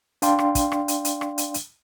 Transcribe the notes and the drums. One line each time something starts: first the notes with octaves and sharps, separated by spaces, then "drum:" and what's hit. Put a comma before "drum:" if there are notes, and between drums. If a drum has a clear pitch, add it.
D4 D5 F5 G5 C6, drum: hi-hat
drum: rim click
drum: kick, hi-hat
drum: rim click
drum: hi-hat
drum: hi-hat
drum: rim click
drum: hi-hat
drum: hi-hat